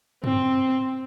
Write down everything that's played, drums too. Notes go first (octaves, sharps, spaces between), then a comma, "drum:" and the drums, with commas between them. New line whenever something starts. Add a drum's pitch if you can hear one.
C4, drum: tom